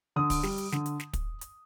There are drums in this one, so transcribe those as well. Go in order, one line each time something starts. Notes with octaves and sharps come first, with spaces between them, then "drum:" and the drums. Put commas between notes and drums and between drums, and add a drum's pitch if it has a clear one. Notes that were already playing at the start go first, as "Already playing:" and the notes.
D3 D#6
drum: kick, open hi-hat
G3, drum: snare
drum: hi-hat
D3, drum: snare
drum: hi-hat
drum: snare
drum: kick, hi-hat
drum: hi-hat